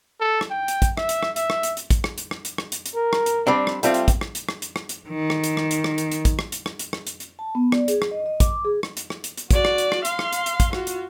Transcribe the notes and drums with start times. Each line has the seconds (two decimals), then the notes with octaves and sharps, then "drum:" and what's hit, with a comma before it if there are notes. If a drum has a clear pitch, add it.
0.21 A4
0.41 drum: rim click
0.51 G5
0.68 drum: hi-hat
0.82 drum: kick, hi-hat
0.97 E5, drum: rim click
1.09 drum: hi-hat
1.23 drum: rim click
1.36 E5, drum: hi-hat
1.50 drum: rim click
1.63 drum: hi-hat
1.77 drum: hi-hat
1.90 drum: kick, hi-hat
2.04 drum: rim click
2.18 drum: hi-hat
2.31 drum: rim click
2.45 drum: hi-hat
2.58 drum: rim click
2.72 drum: hi-hat
2.86 drum: hi-hat
2.95 A#4
3.13 drum: rim click
3.26 drum: hi-hat
3.47 G3 C4 D4
3.67 drum: rim click
3.83 G3 A3 C4 F4, drum: hi-hat
3.94 drum: hi-hat
4.08 drum: kick, hi-hat
4.21 drum: rim click
4.35 drum: hi-hat
4.49 drum: rim click
4.62 drum: hi-hat
4.76 drum: rim click
4.89 drum: hi-hat
5.09 D#3
5.30 drum: rim click
5.44 drum: hi-hat
5.57 drum: rim click
5.71 drum: hi-hat
5.84 drum: rim click
5.98 drum: hi-hat
6.12 drum: hi-hat
6.25 drum: kick, hi-hat
6.39 drum: rim click
6.52 drum: hi-hat
6.66 drum: rim click
6.79 drum: hi-hat
6.93 drum: rim click
7.07 drum: hi-hat
7.20 drum: hi-hat
7.39 A5
7.55 B3
7.72 D5, drum: rim click
7.88 G#4, drum: hi-hat
8.02 drum: rim click
8.11 D#5
8.26 D#5
8.40 D6, drum: kick, hi-hat
8.65 G#4
8.83 drum: rim click
8.97 drum: hi-hat
9.10 drum: rim click
9.24 drum: hi-hat
9.37 drum: hi-hat
9.51 F#4 D5, drum: kick, hi-hat
9.65 drum: rim click
9.78 drum: hi-hat
9.92 drum: rim click
10.05 F5 C6, drum: hi-hat
10.19 drum: rim click
10.33 drum: hi-hat
10.46 drum: hi-hat
10.60 drum: kick, hi-hat
10.73 F4 F#4, drum: rim click
10.87 drum: hi-hat